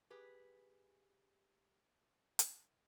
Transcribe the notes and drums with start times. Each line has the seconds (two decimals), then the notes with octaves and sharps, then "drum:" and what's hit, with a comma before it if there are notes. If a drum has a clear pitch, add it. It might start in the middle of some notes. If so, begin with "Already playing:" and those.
0.10 G4 G#4 B4
2.39 drum: hi-hat